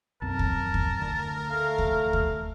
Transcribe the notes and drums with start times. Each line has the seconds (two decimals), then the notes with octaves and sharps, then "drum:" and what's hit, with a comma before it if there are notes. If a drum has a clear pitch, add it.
0.22 B1 F#2 C4 A#4 A5
0.39 drum: kick D2
0.74 drum: kick D2
1.00 D2 D3
1.50 A3 F5
1.78 drum: kick D2
2.13 drum: kick D2